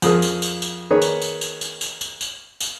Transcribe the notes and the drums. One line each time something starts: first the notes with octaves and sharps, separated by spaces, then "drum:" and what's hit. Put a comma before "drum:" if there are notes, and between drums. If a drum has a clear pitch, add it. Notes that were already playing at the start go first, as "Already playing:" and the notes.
F2 F3 G#4 A#4 D#6, drum: tambourine
drum: tambourine
drum: tambourine
drum: tambourine
D#3 A#3 G#4 B4 C#5 D5
drum: tambourine
drum: tambourine
drum: tambourine
drum: tambourine
drum: tambourine
drum: tambourine
drum: tambourine
drum: tambourine